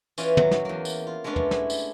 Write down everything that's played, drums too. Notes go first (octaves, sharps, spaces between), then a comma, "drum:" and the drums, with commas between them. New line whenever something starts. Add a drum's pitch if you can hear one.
E3 C#4 F4 D5 D#5, drum: tambourine
F#3 A#5, drum: tom
drum: snare
E2 A#3
drum: tambourine
F4
G#3 A3 B3 C#4 D4 F4
drum: tom
E4, drum: snare
drum: tambourine